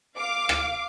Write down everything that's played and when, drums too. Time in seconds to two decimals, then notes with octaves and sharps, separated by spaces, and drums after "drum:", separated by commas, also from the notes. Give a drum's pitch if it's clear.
0.19 F5 D6
0.49 drum: rim click